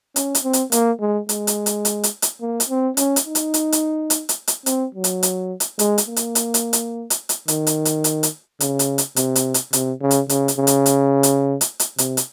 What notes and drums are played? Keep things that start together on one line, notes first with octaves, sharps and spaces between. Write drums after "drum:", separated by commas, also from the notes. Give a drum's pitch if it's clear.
C#4, drum: hi-hat
drum: hi-hat
C4
drum: hi-hat
A#3, drum: hi-hat
G#3
G#3, drum: hi-hat
drum: hi-hat
drum: hi-hat
drum: hi-hat
drum: hi-hat
drum: hi-hat
A#3
drum: hi-hat
C4
C#4, drum: hi-hat
drum: hi-hat
D#4
drum: hi-hat
drum: hi-hat
drum: hi-hat
drum: hi-hat
drum: hi-hat
drum: hi-hat
C4, drum: hi-hat
F#3
drum: hi-hat
drum: hi-hat
drum: hi-hat
G#3, drum: hi-hat
drum: hi-hat
A#3
drum: hi-hat
drum: hi-hat
drum: hi-hat
drum: hi-hat
drum: hi-hat
drum: hi-hat
D#3, drum: hi-hat
drum: hi-hat
drum: hi-hat
drum: hi-hat
drum: hi-hat
C#3, drum: hi-hat
drum: hi-hat
drum: hi-hat
C3, drum: hi-hat
drum: hi-hat
drum: hi-hat
C3, drum: hi-hat
C#3
drum: hi-hat
C#3, drum: hi-hat
drum: hi-hat
C#3
drum: hi-hat
drum: hi-hat
drum: hi-hat
drum: hi-hat
drum: hi-hat
C3, drum: hi-hat
drum: hi-hat